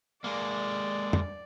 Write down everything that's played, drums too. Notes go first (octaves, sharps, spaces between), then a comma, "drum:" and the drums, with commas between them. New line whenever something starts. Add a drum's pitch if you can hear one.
G#3 A#3 D5
drum: tom